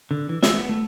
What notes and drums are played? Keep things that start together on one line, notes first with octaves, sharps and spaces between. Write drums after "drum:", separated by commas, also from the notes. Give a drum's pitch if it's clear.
D3
E3
E5, drum: snare
B3
A3